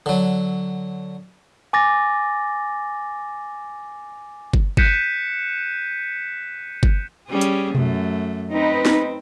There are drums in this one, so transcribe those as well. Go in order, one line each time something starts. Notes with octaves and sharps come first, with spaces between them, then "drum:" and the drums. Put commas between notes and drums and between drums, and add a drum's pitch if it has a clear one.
D3 F#3
G#5 D6 A6 A#6
drum: kick G1
F#6 G6 B6 C#7 D#7 E7, drum: kick G1
drum: kick G1
G3 C#4 G#4
drum: hi-hat
F#2 A3, drum: tom B2
C4 D#4 B4
drum: snare